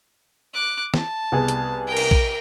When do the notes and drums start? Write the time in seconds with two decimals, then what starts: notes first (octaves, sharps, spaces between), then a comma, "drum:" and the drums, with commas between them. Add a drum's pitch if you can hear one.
0.53 D6 F#6
0.94 A5, drum: snare
1.32 C2 B3 G#4
1.48 drum: hi-hat
1.87 A#4 G5
1.97 drum: cymbal
2.11 drum: kick